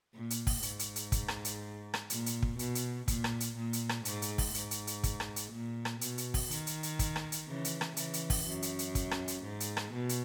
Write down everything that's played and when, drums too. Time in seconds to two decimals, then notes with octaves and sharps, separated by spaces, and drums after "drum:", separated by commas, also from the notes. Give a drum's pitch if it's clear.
0.14 A#2
0.30 drum: hi-hat
0.47 drum: kick, open hi-hat
0.62 G#2, drum: hi-hat
0.79 drum: hi-hat
0.96 drum: hi-hat
1.12 drum: kick, hi-hat
1.28 drum: rim click
1.45 drum: hi-hat
1.94 drum: rim click
2.10 A#2, drum: hi-hat
2.26 drum: hi-hat
2.43 drum: kick
2.59 B2, drum: hi-hat
2.75 drum: hi-hat
3.08 A#2, drum: kick, hi-hat
3.24 drum: rim click
3.40 drum: hi-hat
3.57 A#2
3.73 drum: hi-hat
3.89 drum: rim click
4.05 G#2, drum: hi-hat
4.22 drum: hi-hat
4.38 drum: kick, open hi-hat
4.54 G#2, drum: hi-hat
4.71 drum: hi-hat
4.87 drum: hi-hat
5.04 drum: kick, hi-hat
5.20 drum: rim click
5.36 drum: hi-hat
5.53 A#2
5.85 drum: rim click
6.01 B2, drum: hi-hat
6.18 drum: hi-hat
6.34 drum: kick, open hi-hat
6.51 D#3, drum: hi-hat
6.67 drum: hi-hat
6.83 drum: hi-hat
6.99 drum: kick, hi-hat
7.16 drum: rim click
7.32 drum: hi-hat
7.48 C#3 E3
7.65 drum: hi-hat
7.81 drum: rim click
7.97 C#3 E3, drum: hi-hat
8.13 drum: hi-hat
8.30 drum: kick, open hi-hat
8.46 F#2
8.62 drum: hi-hat
8.79 drum: hi-hat
8.95 drum: kick, hi-hat
9.11 drum: rim click
9.28 drum: hi-hat
9.44 G#2
9.60 drum: hi-hat
9.77 drum: rim click
9.93 B2
10.09 drum: hi-hat